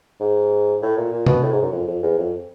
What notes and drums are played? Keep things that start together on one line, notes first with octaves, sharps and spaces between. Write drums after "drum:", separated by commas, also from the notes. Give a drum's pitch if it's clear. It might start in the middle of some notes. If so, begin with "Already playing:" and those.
G#2
A2
A#2
A#2
B2, drum: tom C3
A2
G#2
F#2
F2
F2
E2
F2